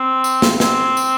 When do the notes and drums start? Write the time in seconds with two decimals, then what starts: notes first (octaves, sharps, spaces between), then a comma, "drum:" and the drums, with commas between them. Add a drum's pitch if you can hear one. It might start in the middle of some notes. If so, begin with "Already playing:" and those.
Already playing: C4
0.24 drum: tambourine
0.42 drum: snare
0.60 C4, drum: snare
0.97 drum: tambourine